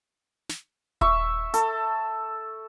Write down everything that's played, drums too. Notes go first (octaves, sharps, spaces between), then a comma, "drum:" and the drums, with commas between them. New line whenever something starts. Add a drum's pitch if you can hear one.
drum: snare
E5 C#6, drum: kick D#1
A4, drum: hi-hat